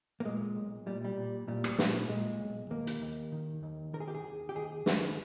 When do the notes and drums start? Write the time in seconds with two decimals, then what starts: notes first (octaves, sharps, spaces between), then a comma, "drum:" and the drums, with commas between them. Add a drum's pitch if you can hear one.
0.20 A#3
0.25 A#2 G#3
0.55 B1
0.86 A#2 G3
1.05 G3
1.17 A#2
1.48 A#2 G3
1.64 drum: rim click
1.79 A#2, drum: snare
2.09 A#2 G#3
2.40 B1
2.70 D#2 A#3
2.87 drum: hi-hat
3.02 D#2
3.32 D#3
3.63 D#2
3.93 D#3 A#4
4.00 G#4
4.08 G4
4.15 G#4
4.25 D#2
4.49 G4
4.55 D#2 G#4
4.86 D#2, drum: snare